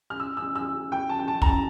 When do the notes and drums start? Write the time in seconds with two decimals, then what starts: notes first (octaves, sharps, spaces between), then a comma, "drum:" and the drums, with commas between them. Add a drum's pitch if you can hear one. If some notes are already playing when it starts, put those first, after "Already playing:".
0.10 F6
0.20 E6
0.37 E6
0.55 E6
0.92 G5
1.09 A5
1.19 G5
1.28 A5
1.42 A#5, drum: kick
1.46 A5